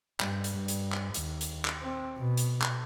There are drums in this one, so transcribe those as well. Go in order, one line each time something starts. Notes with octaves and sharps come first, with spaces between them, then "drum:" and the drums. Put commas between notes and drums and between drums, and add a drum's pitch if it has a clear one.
G2, drum: clap
drum: hi-hat
G2
drum: hi-hat
drum: clap
D#2, drum: hi-hat
drum: hi-hat
drum: clap
C4
B2
drum: hi-hat
drum: clap